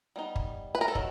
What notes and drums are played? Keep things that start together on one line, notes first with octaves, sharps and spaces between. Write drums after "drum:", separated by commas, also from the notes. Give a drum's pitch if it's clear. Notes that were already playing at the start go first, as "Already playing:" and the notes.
G3 B3 D#4
drum: kick
B4
A#4
A4
D#3 F#3, drum: kick